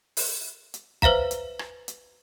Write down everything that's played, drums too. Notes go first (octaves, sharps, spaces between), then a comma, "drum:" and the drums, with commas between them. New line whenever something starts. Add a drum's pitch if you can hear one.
drum: open hi-hat
drum: hi-hat
B4 C5 E5 F5 A#5, drum: kick
drum: hi-hat
drum: rim click
drum: hi-hat